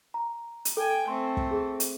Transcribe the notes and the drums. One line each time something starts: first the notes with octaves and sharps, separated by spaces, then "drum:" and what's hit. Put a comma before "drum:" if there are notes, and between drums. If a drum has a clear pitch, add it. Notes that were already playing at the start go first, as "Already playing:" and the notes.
A#5
drum: hi-hat
A4 G5 G#5
A3 C4 C6
drum: kick
G#4
drum: hi-hat